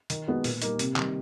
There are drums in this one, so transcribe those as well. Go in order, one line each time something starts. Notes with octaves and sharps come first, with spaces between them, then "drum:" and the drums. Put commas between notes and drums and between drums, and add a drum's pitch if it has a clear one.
D#3, drum: hi-hat
G#3 B3 D#4 F#4
A#2, drum: open hi-hat
G3 A#3 D#4, drum: hi-hat
C3, drum: hi-hat
D#3 G3, drum: clap